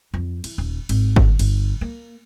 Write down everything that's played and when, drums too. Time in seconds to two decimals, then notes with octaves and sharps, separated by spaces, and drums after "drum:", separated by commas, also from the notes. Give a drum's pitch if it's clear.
0.14 F2
0.44 E3, drum: cymbal
0.58 D#1
0.89 G#1, drum: cymbal
1.16 drum: kick G1
1.39 G1, drum: cymbal
1.81 A#3